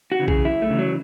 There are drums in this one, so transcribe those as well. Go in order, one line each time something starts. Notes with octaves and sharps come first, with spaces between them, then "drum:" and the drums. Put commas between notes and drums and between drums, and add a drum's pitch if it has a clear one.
F#4
C#3 E3
G#4, drum: kick A#1
F#2 E4
A3
C#3 E3
F#3